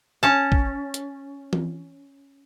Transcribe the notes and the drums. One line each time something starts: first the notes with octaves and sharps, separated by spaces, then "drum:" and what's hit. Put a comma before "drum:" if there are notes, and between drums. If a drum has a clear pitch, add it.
C#4 A5
drum: kick
drum: hi-hat
drum: tom E3